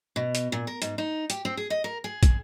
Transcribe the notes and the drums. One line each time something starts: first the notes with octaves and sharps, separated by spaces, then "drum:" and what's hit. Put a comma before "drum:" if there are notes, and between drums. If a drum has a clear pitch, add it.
B2
drum: hi-hat
A#2
A#4
G#2, drum: hi-hat
D#4
G4, drum: hi-hat
C4
G#4
D#5
A#4
G#4
drum: kick, hi-hat